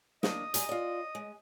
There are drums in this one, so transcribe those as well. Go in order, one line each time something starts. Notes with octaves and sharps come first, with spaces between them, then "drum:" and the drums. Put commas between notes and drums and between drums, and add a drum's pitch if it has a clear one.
A#3 D4 D#5 D#6, drum: snare
G3 G#5 A#5, drum: hi-hat
F4 D5
G#3